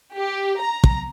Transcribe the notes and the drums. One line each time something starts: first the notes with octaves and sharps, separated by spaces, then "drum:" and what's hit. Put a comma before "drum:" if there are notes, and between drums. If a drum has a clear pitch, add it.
G4
A#5
drum: kick